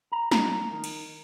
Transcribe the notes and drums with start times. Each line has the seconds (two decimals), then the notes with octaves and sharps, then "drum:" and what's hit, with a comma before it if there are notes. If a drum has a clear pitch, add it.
0.12 A#5
0.31 F2 A#5, drum: snare
0.71 D#3
0.84 drum: cymbal